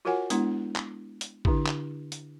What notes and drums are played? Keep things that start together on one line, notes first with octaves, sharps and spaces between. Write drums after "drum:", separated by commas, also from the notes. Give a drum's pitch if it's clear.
F4 F#4 A#4 C#5 F#5 G#5
G#3 B3 D4 E4, drum: hi-hat
drum: clap
drum: hi-hat
D3 D4 E4 G4, drum: kick
drum: clap
drum: hi-hat